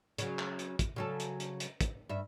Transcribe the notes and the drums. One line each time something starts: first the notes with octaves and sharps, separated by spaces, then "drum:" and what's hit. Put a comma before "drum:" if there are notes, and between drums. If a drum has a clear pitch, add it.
C#3 F#3, drum: hi-hat
drum: clap
drum: hi-hat
drum: kick, hi-hat
C#3 F#3 A4
drum: hi-hat
drum: hi-hat
drum: hi-hat
drum: kick, hi-hat
G2 E5